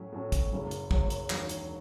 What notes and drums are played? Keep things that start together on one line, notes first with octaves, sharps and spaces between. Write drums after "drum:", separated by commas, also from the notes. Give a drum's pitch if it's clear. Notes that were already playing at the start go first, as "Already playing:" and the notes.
Already playing: A2 F#3 C#4
A2 F#3 C#4
drum: kick, hi-hat
F#1 F#2 C#3 F#3
drum: hi-hat
F#1 F#2 C#3 F#3, drum: kick
drum: hi-hat
E1 D#2 D#3 F#3, drum: clap
drum: hi-hat